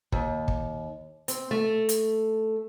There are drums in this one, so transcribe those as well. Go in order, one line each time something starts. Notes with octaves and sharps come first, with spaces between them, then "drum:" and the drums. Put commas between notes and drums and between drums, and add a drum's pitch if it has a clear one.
D#2, drum: kick
drum: kick
C4, drum: hi-hat
A3
drum: hi-hat